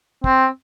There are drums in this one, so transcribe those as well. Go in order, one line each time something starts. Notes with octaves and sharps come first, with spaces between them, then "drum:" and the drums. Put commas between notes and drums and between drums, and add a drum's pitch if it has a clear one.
C4, drum: kick